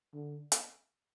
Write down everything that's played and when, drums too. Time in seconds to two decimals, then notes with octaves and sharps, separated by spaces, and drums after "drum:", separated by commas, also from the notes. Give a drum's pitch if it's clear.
0.14 D3
0.52 drum: hi-hat